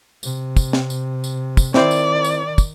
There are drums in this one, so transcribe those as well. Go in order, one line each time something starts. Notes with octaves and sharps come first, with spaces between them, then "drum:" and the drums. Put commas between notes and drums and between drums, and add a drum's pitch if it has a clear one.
C3, drum: tambourine
drum: kick, tambourine
drum: snare
drum: tambourine
drum: tambourine
drum: kick, tambourine
D#3 C4 E4 C5 D5, drum: snare
drum: tambourine
drum: tambourine
drum: kick, tambourine